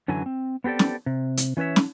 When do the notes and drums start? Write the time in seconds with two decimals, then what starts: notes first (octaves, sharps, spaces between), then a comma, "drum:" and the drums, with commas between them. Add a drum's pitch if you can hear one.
0.08 F#2 D3 E3 F#3 G#5
0.26 C4
0.64 B3 C4 G4 A4 D5
0.79 drum: snare
1.06 C3
1.37 drum: hi-hat
1.57 E3 C#4 B4 C#5 E5
1.76 drum: snare